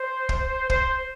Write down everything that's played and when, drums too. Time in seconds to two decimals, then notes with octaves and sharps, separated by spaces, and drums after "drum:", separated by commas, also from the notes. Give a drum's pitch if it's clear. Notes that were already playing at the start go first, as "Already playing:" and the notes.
Already playing: C5
0.29 drum: kick
0.70 C5, drum: kick